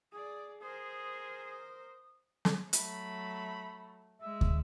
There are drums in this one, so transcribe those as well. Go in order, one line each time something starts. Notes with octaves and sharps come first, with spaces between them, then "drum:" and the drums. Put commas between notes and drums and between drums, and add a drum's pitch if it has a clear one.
G#4 D5 D#6
G#4 A#4 C5 D#6
drum: snare
F#3 A3 B5, drum: hi-hat
G#3 E5
drum: kick